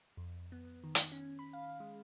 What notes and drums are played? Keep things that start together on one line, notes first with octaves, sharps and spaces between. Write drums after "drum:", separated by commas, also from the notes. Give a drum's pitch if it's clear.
F2
B3
D#3
drum: hi-hat
C#4
B5
F5
G#3